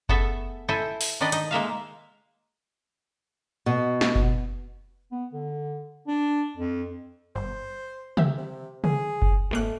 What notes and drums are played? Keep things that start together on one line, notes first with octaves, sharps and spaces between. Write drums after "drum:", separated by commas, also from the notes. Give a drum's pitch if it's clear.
A3 B3 G#4 A4 E5, drum: kick F#1
E4 A4 C5 E5 G#5
drum: open hi-hat
D#3 D4 B4 D5 D#5
D#4 D#5, drum: hi-hat
G#3 A#3 E5 F5
B2
drum: snare
drum: kick F#1
B3
D3
D4
F2
G1 C5
G4 E5, drum: tom
C3
G#4, drum: tom
drum: kick F#1
G#1 A3 A#3 F#6